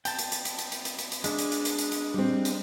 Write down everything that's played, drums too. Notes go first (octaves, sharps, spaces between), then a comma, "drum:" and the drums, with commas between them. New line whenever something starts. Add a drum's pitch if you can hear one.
G5 A5, drum: hi-hat
drum: hi-hat
drum: hi-hat
drum: hi-hat
drum: hi-hat
drum: hi-hat
drum: hi-hat
drum: hi-hat
drum: hi-hat
G#3 D4, drum: hi-hat
drum: hi-hat
drum: hi-hat
drum: hi-hat
drum: hi-hat
drum: hi-hat
G3 C4
drum: hi-hat